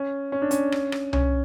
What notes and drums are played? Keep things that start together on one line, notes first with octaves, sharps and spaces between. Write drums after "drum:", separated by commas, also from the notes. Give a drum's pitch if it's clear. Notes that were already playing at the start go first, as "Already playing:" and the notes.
Already playing: C#4
C#4
D4
C#4, drum: hi-hat
drum: rim click
drum: rim click
C#4, drum: tom C2